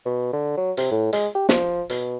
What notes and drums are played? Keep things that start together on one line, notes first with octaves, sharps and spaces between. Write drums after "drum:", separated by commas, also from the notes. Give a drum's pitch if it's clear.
B2
D3
F#3
C3, drum: hi-hat
A2
G#3, drum: hi-hat
G4
F3, drum: snare
B2, drum: hi-hat